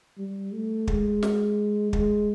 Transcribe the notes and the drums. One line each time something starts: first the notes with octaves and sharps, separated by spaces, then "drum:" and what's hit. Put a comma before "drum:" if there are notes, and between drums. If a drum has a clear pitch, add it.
G3
A3
G#3, drum: kick
drum: snare
G#3, drum: kick